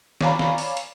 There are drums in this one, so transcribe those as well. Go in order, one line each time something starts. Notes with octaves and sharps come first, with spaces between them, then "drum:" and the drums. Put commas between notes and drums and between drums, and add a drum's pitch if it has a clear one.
C#5 D5 F5 G#5 A#5 B5, drum: snare
drum: snare
drum: open hi-hat
drum: hi-hat